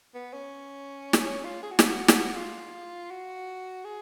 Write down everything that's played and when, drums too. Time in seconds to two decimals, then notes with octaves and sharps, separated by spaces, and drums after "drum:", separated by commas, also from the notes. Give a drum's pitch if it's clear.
0.15 B3
0.34 C#4
1.13 drum: snare
1.27 C#4
1.45 F4
1.63 G#4
1.71 F#4
1.79 F4, drum: snare
1.87 F#4
2.08 drum: snare
2.36 F4
3.11 F#4
3.85 G#4